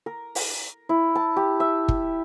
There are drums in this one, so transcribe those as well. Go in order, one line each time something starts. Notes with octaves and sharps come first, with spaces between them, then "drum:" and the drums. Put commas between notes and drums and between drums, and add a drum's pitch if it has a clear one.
A#4
drum: open hi-hat
E4
A5
G4
E5
drum: kick